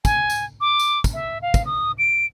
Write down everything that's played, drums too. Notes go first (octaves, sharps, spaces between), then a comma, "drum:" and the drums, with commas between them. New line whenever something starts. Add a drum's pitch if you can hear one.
G#5, drum: kick, tambourine
drum: tambourine
D6
drum: tambourine
drum: kick, tambourine
E5
F5
drum: kick, tambourine
D#6
D7